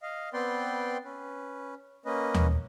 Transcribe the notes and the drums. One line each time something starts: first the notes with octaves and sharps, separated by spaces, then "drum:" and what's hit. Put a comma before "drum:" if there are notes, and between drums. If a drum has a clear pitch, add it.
D#5 F5
B3 C4 B4 D5 G5 C6
C#4 B4
A#3 C#4 B4 D#5
drum: tom D#2